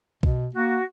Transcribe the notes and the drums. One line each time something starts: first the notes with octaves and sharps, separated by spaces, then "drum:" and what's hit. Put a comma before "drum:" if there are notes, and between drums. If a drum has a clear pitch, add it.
B2, drum: kick B1
A#3 F#4